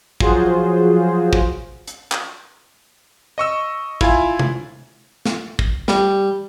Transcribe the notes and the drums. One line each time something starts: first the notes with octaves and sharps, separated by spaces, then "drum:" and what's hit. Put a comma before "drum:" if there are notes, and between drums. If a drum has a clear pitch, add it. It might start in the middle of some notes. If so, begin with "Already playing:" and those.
F3 F#3 F4 F#4 G#4 C5, drum: kick
drum: kick
drum: hi-hat
drum: clap
D#5 C#6 E6
E4 F4 G#5, drum: kick
drum: tom
drum: snare
drum: kick
G3, drum: snare